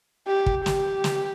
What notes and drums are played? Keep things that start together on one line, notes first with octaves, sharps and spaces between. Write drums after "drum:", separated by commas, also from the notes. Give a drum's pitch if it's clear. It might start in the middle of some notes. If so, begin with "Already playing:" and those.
G4
drum: kick
G4, drum: snare
drum: snare